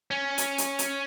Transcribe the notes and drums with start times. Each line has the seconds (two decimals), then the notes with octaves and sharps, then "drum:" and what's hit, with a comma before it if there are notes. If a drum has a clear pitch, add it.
0.11 C#4
0.38 drum: hi-hat
0.58 drum: hi-hat
0.79 drum: hi-hat